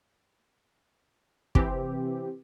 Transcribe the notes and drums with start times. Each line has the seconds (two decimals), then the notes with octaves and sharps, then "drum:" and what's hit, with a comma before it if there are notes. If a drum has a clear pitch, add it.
1.55 C3 E3 C4 G4, drum: kick